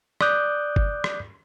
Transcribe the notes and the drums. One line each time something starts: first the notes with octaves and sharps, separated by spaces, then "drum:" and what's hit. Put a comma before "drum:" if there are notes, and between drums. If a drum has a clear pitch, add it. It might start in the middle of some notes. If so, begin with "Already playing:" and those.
D5 D6 D#6 F#6 G6, drum: rim click
drum: kick G1
drum: rim click